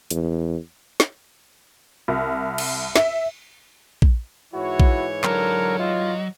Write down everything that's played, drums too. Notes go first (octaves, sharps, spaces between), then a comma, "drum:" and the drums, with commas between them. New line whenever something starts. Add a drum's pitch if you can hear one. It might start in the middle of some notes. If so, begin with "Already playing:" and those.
E2, drum: hi-hat
drum: snare
C2
drum: cymbal
E5, drum: snare
drum: kick A#1
G#2 E3 E4 F#4 C#5
drum: kick A#1
D3 F#3 A#4, drum: clap
F4 D#5